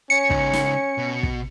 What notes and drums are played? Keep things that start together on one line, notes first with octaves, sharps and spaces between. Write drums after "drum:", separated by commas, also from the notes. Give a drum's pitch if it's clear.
C#4 C#7
C#2 D#4, drum: kick
drum: snare
B2
drum: kick